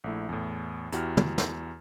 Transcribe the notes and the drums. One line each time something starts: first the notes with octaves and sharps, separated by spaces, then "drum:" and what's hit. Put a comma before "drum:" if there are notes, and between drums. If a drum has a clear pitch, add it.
A#1 A3 E4
E2 A2
E2 E4 F#4 G4 F#5 F6, drum: hi-hat
drum: tom
drum: snare